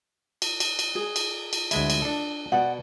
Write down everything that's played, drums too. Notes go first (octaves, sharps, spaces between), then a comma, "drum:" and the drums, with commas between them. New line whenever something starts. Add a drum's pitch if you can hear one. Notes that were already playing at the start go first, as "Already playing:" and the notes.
drum: cymbal
drum: cymbal
drum: cymbal
G#4
drum: cymbal
drum: cymbal
D2 G#3 E4, drum: cymbal
drum: cymbal
D4 A4
B2 D5 F#5